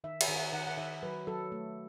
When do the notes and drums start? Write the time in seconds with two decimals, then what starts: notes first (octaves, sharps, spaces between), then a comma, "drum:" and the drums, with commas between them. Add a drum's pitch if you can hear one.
0.04 D#3 E5
0.21 E5, drum: cymbal
0.28 D#3
0.36 F#5
0.53 D#3 F#5
0.67 F#5
0.77 D#3 E5
1.03 F#3 B4
1.27 F#3 A4
1.52 A3